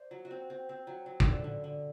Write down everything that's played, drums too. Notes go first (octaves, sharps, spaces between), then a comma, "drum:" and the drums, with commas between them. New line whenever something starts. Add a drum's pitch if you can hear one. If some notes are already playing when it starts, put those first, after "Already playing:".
Already playing: C5 D5
F#3
F#4
C4
C4
C4
F#3
F#3
B4, drum: kick
D3 A4
D3
D3